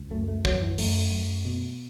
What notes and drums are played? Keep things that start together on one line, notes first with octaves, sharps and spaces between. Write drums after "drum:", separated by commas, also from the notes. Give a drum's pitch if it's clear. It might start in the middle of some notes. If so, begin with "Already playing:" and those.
Already playing: C#2
F#2 A3
A3
F#2 F#3, drum: kick
E3
F#2 A3, drum: open hi-hat
F#2
B2